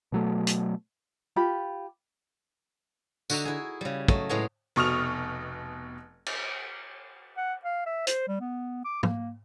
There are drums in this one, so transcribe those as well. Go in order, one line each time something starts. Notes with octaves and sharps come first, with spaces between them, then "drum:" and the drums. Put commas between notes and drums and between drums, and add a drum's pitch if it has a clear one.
B2 F#3 A3
drum: hi-hat
F4 G4 B5
D3 F#4 D#5 E5 A#5, drum: tambourine
E4 G#4
C#3 G3
F#3 A3 D#5, drum: kick
A2 G#3 B3 G#4 A#5
F1 B2 C#6 D#6 F6 F7
drum: cymbal
F#5
F5
E5
C5, drum: hi-hat
G3
B3
D6
A#3, drum: tom